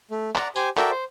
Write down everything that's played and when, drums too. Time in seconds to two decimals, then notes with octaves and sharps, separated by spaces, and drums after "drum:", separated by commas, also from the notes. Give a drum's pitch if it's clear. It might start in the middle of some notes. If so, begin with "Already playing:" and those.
0.11 A3
0.35 D5 F#5 A#5, drum: clap
0.56 G4 C5 G#5, drum: tambourine
0.77 F#4 A4 A#4 D5 E5 G5, drum: clap
0.91 C5